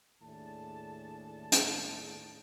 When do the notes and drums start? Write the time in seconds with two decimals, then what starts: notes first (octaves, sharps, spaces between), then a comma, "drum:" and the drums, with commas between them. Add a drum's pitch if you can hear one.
0.21 D#2 A2 D4 G#4 A5
1.52 drum: hi-hat